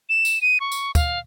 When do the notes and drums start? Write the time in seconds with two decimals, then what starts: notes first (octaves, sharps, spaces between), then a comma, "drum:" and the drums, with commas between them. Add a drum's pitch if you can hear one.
0.09 E7
0.25 drum: tambourine
0.41 D#7
0.60 C#6
0.72 drum: tambourine
0.95 F5, drum: kick, tambourine